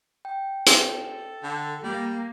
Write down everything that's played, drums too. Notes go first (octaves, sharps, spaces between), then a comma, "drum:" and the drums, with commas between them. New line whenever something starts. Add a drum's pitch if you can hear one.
G5
drum: hi-hat
A4
D3
G3 A#3